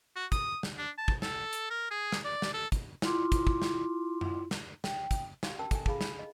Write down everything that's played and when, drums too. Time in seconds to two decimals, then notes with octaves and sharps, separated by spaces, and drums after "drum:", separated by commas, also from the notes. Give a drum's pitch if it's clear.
0.16 F#4
0.32 D#6, drum: kick, hi-hat
0.63 drum: snare
0.78 D4
0.98 A5
1.08 drum: kick
1.22 A4, drum: snare
1.53 drum: hi-hat
1.70 A#4
1.91 G#4
2.12 drum: snare
2.25 D5
2.42 drum: snare
2.54 A4
2.72 drum: kick, hi-hat
3.02 E4 F4 C6 D6, drum: snare
3.32 drum: kick, hi-hat
3.47 drum: kick
3.62 drum: snare
4.21 drum: tom F#2
4.51 drum: snare
4.84 G5, drum: snare
5.11 drum: kick, hi-hat
5.43 F#4 G4 F5, drum: snare
5.59 C#4 A#4 G5 A5 E6
5.71 A4 G#5, drum: kick, hi-hat
5.86 D#4 F4 G#4 F5 B5, drum: kick
6.01 B5, drum: snare
6.19 D#5